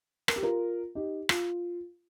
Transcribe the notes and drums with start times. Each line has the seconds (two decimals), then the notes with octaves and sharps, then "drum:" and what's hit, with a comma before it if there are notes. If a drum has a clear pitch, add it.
0.28 A#4, drum: rim click
0.36 G4
0.43 F4 A#4
0.95 D#4 G4
1.29 F4, drum: rim click